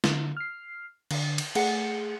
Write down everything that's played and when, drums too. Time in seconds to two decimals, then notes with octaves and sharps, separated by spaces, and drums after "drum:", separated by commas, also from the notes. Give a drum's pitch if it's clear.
0.04 D3, drum: snare
0.37 F6 C7
1.11 D3, drum: cymbal
1.38 drum: cymbal
1.55 A3 G#4 F#5 C#7, drum: cymbal